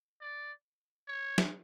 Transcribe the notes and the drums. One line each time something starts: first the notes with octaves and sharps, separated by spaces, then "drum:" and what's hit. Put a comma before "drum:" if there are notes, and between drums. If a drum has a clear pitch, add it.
D5
C#5
drum: snare